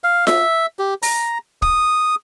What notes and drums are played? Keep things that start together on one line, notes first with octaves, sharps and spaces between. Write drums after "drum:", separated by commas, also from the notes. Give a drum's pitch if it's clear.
F5
E5, drum: snare F4
G4
A#5, drum: open hi-hat
D#6, drum: kick